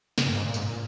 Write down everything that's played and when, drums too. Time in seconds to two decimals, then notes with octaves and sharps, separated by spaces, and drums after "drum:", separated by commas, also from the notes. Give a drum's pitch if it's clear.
0.18 C#3, drum: snare
0.26 G2
0.35 G#2
0.45 A#2
0.54 G#2, drum: tambourine
0.66 A#2